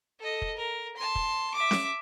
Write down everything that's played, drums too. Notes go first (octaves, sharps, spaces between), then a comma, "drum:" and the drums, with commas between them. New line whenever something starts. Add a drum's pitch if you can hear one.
A4 D#5
drum: kick
A#4
A5 C6
drum: kick
E5 D6
drum: snare C#4